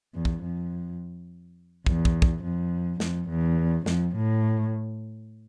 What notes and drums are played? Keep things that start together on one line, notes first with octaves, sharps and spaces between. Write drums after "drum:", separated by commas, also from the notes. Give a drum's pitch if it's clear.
E2
drum: kick
F2
E2, drum: kick
drum: kick
drum: kick
F2
F2, drum: snare
E2
F2, drum: snare
A2